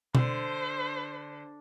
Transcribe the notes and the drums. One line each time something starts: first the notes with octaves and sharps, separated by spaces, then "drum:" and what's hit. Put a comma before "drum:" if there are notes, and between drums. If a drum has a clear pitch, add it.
D3 C5, drum: tom B2